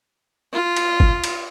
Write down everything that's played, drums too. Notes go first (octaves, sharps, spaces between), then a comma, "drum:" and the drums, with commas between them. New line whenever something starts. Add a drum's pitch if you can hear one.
F4
drum: cymbal
drum: kick
drum: cymbal